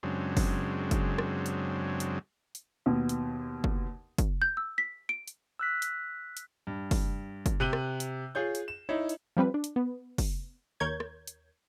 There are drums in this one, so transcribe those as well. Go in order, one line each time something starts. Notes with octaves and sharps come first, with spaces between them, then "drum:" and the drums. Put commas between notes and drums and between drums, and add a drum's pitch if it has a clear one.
F#2 C#3 F#3 G#3 C4 D4
drum: kick, open hi-hat
drum: kick, hi-hat
drum: rim click
drum: hi-hat
drum: hi-hat
drum: hi-hat
D#2 B2
drum: hi-hat
drum: kick
drum: kick, hi-hat
G6
E6
B6
D7
drum: hi-hat
E6 F#6 B6
drum: hi-hat
drum: hi-hat
G2
drum: kick, open hi-hat
drum: kick, hi-hat
C3 F#6 D#7 F#7 G7
drum: rim click
drum: hi-hat
F4 G#4 C#5 G6
drum: hi-hat
E7
D#4 E4 C#5
drum: hi-hat
F3 G3 C4 B4
D4
drum: hi-hat
B3
drum: kick, open hi-hat
D#2 A#4 C#5 G6 G#6
drum: rim click
drum: hi-hat